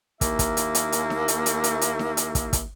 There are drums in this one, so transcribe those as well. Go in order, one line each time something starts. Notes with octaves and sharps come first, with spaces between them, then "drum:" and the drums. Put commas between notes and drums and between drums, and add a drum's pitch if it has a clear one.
D#2 A#3 E4 E5, drum: kick, hi-hat
drum: kick, hi-hat
drum: hi-hat
drum: hi-hat
drum: hi-hat
drum: snare D#4
drum: hi-hat
drum: hi-hat
drum: hi-hat
drum: hi-hat
drum: snare D#4
drum: hi-hat
drum: kick, hi-hat
drum: kick, hi-hat